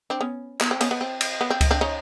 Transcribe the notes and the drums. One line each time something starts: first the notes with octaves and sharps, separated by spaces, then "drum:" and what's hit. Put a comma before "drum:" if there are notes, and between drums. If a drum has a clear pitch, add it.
C4 D4
B3 C#4
B3, drum: clap
C4
B3 C#4, drum: cymbal
B3
C4
drum: cymbal
B3
C4
drum: kick C#2, cymbal
C4 D4
C#4 D#4